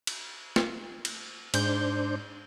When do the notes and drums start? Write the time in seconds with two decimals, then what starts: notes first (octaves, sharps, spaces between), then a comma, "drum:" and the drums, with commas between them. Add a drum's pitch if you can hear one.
0.07 drum: cymbal
0.56 drum: snare
1.05 drum: cymbal
1.54 G#2 D4 C5 G6, drum: cymbal